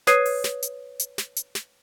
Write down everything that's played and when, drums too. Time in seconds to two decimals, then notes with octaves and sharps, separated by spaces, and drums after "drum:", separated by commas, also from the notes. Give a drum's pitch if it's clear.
0.07 B4 C#5 D#6 G#6 C7 D#7, drum: snare
0.26 drum: open hi-hat
0.44 drum: snare
0.63 drum: hi-hat
0.99 drum: hi-hat
1.18 drum: snare
1.36 drum: hi-hat
1.55 drum: snare